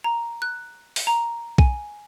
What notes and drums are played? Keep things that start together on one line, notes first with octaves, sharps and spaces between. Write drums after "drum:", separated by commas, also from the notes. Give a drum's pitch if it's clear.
A#5
F#6
drum: open hi-hat
A#5
G#5, drum: kick B1